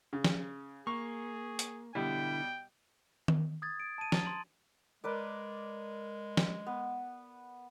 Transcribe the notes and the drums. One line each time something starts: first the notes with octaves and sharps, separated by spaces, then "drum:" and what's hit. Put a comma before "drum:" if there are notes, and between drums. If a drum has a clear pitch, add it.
C#3
drum: snare
A#3 G#4 C#6
drum: hi-hat
B2 D3 G3 E4 G5
drum: tom D#3
D#6 G#6 A6
D7
A5 D#7
A#5 A6, drum: snare
C6 F#7
G#3 A#4 B4 D5
drum: snare
B3